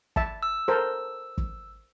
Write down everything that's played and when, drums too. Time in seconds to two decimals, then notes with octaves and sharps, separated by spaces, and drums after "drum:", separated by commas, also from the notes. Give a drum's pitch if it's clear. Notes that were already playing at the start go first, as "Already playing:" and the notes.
0.16 E5 A5, drum: kick
0.43 E6
0.68 A4 A#4 C5
1.38 drum: kick